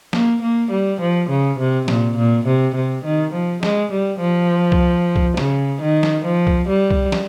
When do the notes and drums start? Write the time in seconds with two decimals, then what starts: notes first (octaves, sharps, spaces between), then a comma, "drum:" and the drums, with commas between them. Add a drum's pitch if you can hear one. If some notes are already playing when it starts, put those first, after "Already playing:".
0.13 A#3, drum: snare
0.42 A#3
0.71 G3
1.01 F3
1.29 C#3
1.59 C3
1.88 A#2, drum: snare
2.17 A#2
2.46 C3
2.75 C3
3.05 D#3
3.33 F3
3.63 G#3, drum: snare
3.92 G3
4.20 F3
4.72 drum: kick C2
5.16 drum: kick C2
5.37 C#3, drum: snare
5.82 D#3
6.03 drum: snare
6.25 F3
6.47 drum: kick C2
6.68 G3
6.91 drum: kick C2
7.12 drum: snare